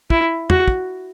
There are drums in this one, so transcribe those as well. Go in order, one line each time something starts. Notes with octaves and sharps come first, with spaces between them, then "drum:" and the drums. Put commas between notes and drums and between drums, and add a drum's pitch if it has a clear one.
E4, drum: kick
F#4, drum: tom
drum: kick